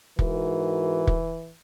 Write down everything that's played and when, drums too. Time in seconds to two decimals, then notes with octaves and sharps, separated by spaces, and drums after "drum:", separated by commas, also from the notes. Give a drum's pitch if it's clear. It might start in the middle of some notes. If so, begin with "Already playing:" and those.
0.19 G#2 E3 F#4 A#4, drum: kick
1.07 drum: kick